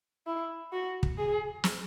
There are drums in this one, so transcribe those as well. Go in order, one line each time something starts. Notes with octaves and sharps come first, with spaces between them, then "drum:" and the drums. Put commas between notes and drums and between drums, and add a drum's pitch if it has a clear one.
E4
F#4
drum: kick
G#4
drum: snare